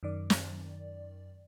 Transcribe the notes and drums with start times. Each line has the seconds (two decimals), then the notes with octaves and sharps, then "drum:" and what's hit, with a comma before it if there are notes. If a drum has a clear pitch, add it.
0.03 F#2 D#3 D5
0.30 drum: snare